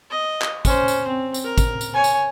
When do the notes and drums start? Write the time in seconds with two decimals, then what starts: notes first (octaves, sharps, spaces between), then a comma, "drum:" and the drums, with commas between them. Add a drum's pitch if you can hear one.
0.10 D#5
0.42 drum: clap
0.65 C#4 C5, drum: kick, tambourine
0.88 drum: tambourine
1.07 C4
1.34 drum: tambourine
1.44 A#4
1.58 drum: kick, tambourine
1.81 drum: tambourine
1.94 C#5 G#5
2.04 drum: tambourine